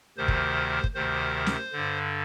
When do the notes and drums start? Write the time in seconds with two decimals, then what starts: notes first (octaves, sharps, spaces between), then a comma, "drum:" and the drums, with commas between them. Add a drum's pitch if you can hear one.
0.17 D2 C3 D#3 C5
0.28 drum: kick
0.84 drum: kick
0.94 D2 C3 D#3 C5
1.46 drum: snare
1.72 G2 D3